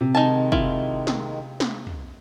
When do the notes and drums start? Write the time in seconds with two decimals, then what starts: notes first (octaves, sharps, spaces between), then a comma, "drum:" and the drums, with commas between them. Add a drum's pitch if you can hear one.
0.01 C3
0.15 D#3 G#3 D#4 G#5 A5
0.52 E4 F4, drum: kick
1.07 drum: snare
1.60 drum: snare
1.87 drum: tom